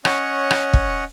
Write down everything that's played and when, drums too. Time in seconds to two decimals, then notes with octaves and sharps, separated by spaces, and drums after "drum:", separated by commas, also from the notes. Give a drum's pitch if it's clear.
0.05 C#4 C#5 D#5 F#5, drum: rim click
0.51 drum: rim click
0.73 drum: kick